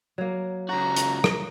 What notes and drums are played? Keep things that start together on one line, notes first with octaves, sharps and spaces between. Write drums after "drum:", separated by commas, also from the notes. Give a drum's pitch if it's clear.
F#3 A#3
C#2 F#4 A#5
drum: hi-hat
drum: rim click